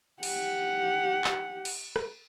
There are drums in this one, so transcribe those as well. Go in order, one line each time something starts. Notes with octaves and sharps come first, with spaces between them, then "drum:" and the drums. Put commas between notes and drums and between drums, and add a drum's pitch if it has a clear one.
G4 F#5, drum: cymbal
drum: clap
drum: cymbal
drum: rim click